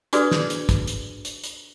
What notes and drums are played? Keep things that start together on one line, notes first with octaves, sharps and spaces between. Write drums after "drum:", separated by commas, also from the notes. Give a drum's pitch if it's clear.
D4 F#4 G#4 A4 B4 D5, drum: hi-hat
drum: snare
drum: hi-hat
drum: kick, hi-hat
drum: hi-hat
drum: hi-hat
drum: hi-hat